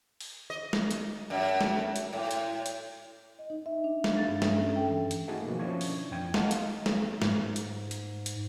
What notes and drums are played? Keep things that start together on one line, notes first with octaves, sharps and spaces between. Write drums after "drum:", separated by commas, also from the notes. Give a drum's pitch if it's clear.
drum: open hi-hat
D#5
drum: snare
drum: hi-hat
F#2
drum: snare
drum: hi-hat
A2
drum: hi-hat
drum: hi-hat
D#5
D#4
E5
D4
F5, drum: snare
A6
G2
E5, drum: snare
C#4
A4
G5
E3
drum: hi-hat
A3 D#4 F#4 G#4 A4
B2 D#3 F3 A#3
F3 C#4 D4 E4 C#6 G#6
drum: open hi-hat
F2 E3 G5 G#6
D#5 F5 F#5 A5 C6, drum: snare
drum: hi-hat
drum: snare
G#2, drum: snare
drum: hi-hat
drum: hi-hat
drum: hi-hat